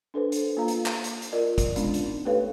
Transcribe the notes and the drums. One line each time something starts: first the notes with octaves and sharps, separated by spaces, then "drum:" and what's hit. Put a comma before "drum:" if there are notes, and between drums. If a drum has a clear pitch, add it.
D4 A4 B4 C5
drum: hi-hat
A#3 F4 D#5 F5 A#5
drum: hi-hat
drum: clap
drum: hi-hat
drum: hi-hat
F4 A#4 D5 D#5
drum: kick, hi-hat
G#3 B3 C#4 D4 F4, drum: hi-hat
drum: hi-hat
D#4
A3 G4 A4 B4 C#5 F5